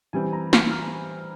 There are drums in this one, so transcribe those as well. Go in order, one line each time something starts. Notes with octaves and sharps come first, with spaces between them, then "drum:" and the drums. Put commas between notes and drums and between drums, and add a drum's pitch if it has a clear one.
E3 G3 C4 G#5
A#5
F6, drum: snare
F6